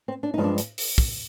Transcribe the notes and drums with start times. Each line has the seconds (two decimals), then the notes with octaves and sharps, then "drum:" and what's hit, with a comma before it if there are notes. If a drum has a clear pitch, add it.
0.08 C4
0.23 D4
0.34 G2 F3 G#3 D#4
0.44 D4
0.58 drum: hi-hat
0.78 drum: open hi-hat
0.98 drum: kick